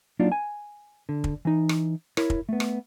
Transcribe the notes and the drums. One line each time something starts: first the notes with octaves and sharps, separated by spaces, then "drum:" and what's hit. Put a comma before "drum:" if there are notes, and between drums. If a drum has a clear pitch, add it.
F#3 A#3 D4 D#4 F4
G#5
D3
drum: kick
E3 D#4
drum: rim click
E4 A#4 C#5, drum: rim click
drum: kick
A3 B3
drum: rim click